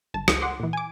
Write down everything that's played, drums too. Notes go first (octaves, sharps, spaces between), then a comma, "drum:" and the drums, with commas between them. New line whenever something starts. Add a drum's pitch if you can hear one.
G1 A5
C#2, drum: rim click
F#5 C6 D6
A#2 E3
G#5 D6